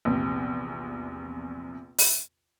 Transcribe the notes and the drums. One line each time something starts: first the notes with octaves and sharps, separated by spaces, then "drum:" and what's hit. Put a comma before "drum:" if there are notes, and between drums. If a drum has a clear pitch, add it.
A#1 E2 C3
drum: open hi-hat